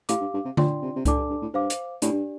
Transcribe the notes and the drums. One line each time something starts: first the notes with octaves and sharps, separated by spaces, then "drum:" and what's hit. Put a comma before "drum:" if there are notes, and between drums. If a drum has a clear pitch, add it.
A2 G4 F5 D6, drum: hi-hat
G2
G2
C3
F3 D4 F4 D5 G5 C6, drum: tom D3
C3
C3
A2 D4 A4 D5 A5 D6, drum: kick C#2, hi-hat
G2
G2
A2
G2 C5 F5 D6
drum: hi-hat
A2 D4 G4 D5, drum: hi-hat
G2